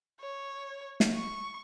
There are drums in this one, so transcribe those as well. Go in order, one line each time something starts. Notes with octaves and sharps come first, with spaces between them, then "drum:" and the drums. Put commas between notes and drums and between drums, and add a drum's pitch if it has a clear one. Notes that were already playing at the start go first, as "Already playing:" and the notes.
C#5
drum: snare
C#6